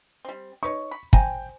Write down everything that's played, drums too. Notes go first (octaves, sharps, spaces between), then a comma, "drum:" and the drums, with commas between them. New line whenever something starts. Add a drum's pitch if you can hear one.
G3 C4
D#4 B4 C#5 C#6
B5
C5 G5 G#5 A#5, drum: kick